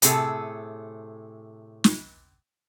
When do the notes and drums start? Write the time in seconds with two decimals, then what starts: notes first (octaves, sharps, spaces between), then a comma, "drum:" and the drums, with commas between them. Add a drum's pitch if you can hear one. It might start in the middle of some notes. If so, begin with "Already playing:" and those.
0.02 A2 C3 G#4 A4, drum: hi-hat
1.84 drum: snare